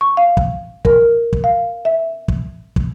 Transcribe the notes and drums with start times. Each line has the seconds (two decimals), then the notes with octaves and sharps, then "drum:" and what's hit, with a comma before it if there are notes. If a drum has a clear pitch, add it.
0.01 C#6
0.17 F5
0.37 drum: kick
0.85 A#4, drum: kick
1.33 drum: kick
1.44 F5
1.85 E5
2.28 drum: kick
2.76 drum: kick